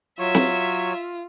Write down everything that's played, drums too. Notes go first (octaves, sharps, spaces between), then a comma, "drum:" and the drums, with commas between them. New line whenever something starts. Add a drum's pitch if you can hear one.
F#3 F4 C#5 E5 C#6
drum: snare